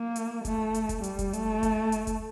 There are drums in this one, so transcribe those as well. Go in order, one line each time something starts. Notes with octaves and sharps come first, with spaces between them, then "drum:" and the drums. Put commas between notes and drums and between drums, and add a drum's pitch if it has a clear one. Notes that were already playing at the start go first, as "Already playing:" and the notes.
Already playing: A#3
drum: hi-hat
A3, drum: kick F1, hi-hat
drum: hi-hat
drum: kick F1, hi-hat
G3, drum: hi-hat
drum: kick F1, hi-hat
A3, drum: hi-hat
drum: kick F1, hi-hat
drum: hi-hat
drum: kick F1, hi-hat